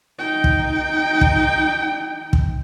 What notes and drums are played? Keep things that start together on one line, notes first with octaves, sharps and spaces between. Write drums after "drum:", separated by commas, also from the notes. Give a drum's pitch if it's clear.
D#4 G5
drum: kick
drum: kick
drum: kick